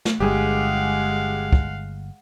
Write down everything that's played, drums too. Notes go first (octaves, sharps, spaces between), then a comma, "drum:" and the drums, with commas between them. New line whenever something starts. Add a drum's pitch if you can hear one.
drum: snare
G1 G#3 G4 G#4 F5 F#5
drum: kick